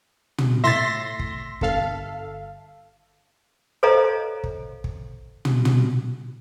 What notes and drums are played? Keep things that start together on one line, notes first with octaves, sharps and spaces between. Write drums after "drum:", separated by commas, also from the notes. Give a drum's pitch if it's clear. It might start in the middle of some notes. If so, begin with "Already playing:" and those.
drum: tom
A2 E5 C6 A6 A#6
drum: kick
G1 A4 F5, drum: kick
A4 C5 C#5 D#5 F5 A#5
drum: kick
drum: kick
drum: tom
drum: tom